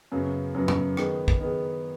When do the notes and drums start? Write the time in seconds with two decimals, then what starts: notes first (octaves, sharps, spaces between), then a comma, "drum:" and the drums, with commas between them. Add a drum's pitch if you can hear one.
0.12 F#2 C#3 F#3 B3
0.54 F#2 C#3 F#3 B3
0.68 drum: tom
0.97 D#3 B3 G#4, drum: rim click
1.28 drum: kick
1.41 D#3 B3 G#4